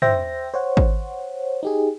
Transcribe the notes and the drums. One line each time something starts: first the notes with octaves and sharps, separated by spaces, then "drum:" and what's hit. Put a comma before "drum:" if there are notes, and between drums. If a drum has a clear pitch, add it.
C5 E5 G5 A#6, drum: tom
C5 C#5 F#5
drum: kick G#1
D#4 G4 G#4